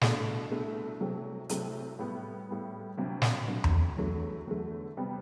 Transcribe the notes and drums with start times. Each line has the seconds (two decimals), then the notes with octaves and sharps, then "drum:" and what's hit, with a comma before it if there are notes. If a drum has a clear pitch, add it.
0.01 C2 B2 A3 D4, drum: snare
0.51 C2 B2 A3 D4
1.00 C2 C3 F#3 A3 C4
1.49 C2 C3 F#3 A3 C4, drum: hi-hat
1.99 A2 G3 B3
2.48 A2 G3 B3
2.98 D2 C3 F#3
3.22 drum: snare
3.48 D2 C3 F#3
3.64 drum: tom E2
3.97 E2 D3 F#3 A3
4.47 E2 D3 F#3 A3
4.97 C3 G3 B3